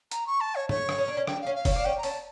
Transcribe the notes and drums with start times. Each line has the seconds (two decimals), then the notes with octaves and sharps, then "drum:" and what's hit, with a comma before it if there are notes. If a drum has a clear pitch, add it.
0.11 A#5, drum: hi-hat
0.27 C#6
0.41 A5
0.56 C#5
0.69 A3 C#5, drum: tom G#2
0.89 drum: rim click
0.98 C#4
1.08 D4
1.17 C#4
1.27 G5, drum: rim click
1.41 F5
1.47 C#4
1.55 F5
1.65 C#4, drum: kick F1, open hi-hat
1.71 D4 F5
1.85 C#4 G5
1.98 A#5
2.03 C#4 A5, drum: open hi-hat